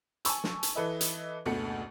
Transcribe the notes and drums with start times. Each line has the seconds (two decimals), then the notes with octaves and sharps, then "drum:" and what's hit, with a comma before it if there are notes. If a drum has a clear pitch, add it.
0.25 G#5 A5 C#6 E6, drum: hi-hat
0.44 drum: snare
0.63 drum: hi-hat
0.75 E3 A4 B4 D#5 E5
1.01 drum: hi-hat
1.45 F#1 D2 B2 A3 C#7